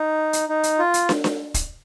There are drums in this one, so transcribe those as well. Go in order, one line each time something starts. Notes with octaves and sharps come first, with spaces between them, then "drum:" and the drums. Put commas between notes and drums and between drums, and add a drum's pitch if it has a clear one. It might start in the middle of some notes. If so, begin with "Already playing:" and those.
Already playing: D#4
drum: hi-hat
D#4
drum: hi-hat
F4
drum: hi-hat
drum: snare
drum: snare
drum: kick, hi-hat